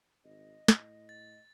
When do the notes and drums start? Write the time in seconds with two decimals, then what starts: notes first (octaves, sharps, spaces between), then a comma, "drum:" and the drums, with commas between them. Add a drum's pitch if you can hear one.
0.25 G#1 D#5
0.68 A2, drum: snare
1.09 A6